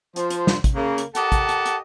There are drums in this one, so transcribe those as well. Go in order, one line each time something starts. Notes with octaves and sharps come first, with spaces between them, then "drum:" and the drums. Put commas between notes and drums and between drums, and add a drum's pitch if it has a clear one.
F3 C5, drum: hi-hat
drum: hi-hat
drum: snare
drum: kick, hi-hat
C#3 A#3
drum: hi-hat
G4 A4 A#4 D#5 F#5 A5, drum: hi-hat
drum: kick, hi-hat
drum: hi-hat
drum: hi-hat